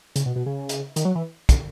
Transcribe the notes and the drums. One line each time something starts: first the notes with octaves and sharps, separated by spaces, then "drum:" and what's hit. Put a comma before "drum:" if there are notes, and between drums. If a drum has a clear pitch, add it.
C#3, drum: hi-hat
B2
B2
C#3
drum: hi-hat
D#3, drum: hi-hat
F#3
E3
drum: kick, hi-hat